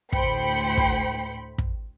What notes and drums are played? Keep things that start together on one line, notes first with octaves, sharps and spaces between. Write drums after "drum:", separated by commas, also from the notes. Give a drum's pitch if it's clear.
D2 A2 C5 G5 B5 C#7, drum: kick
drum: kick
drum: kick